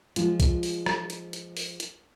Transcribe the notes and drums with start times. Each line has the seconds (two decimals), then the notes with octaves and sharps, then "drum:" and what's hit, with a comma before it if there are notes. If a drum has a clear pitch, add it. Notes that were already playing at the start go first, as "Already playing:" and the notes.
0.16 F3 G#3 F4, drum: hi-hat
0.40 drum: kick B1, hi-hat
0.63 drum: open hi-hat
0.86 drum: rim click
1.10 drum: hi-hat
1.33 drum: hi-hat
1.57 drum: open hi-hat
1.80 drum: hi-hat